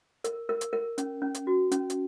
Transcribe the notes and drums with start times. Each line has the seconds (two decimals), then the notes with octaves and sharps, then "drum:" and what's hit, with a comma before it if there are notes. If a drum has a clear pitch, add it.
0.24 A#4, drum: hi-hat
0.49 A#4
0.61 drum: hi-hat
0.73 A#4
0.98 C#4, drum: hi-hat
1.22 C#4
1.34 drum: hi-hat
1.47 F#4
1.71 C#4, drum: hi-hat
1.90 drum: hi-hat